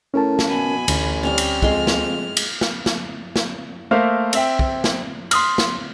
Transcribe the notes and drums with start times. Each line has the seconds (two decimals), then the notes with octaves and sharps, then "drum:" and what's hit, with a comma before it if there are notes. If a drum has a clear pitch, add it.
0.14 A2 C#4 A#4 A5
0.39 drum: snare
0.48 B2 G#5 B5
0.88 A1 D2, drum: cymbal
1.23 G3 C4 C#4 F6
1.38 drum: cymbal
1.62 F2 G#3 G5 C6, drum: kick
1.87 drum: snare
2.37 drum: cymbal
2.61 drum: snare
2.86 drum: snare
3.36 drum: snare
3.91 A3 A#3 A#4 C5 E5 F5
4.33 C4 E5 G5, drum: cymbal
4.59 drum: kick
4.84 drum: snare
5.31 C6 D#6 F6, drum: cymbal
5.58 drum: snare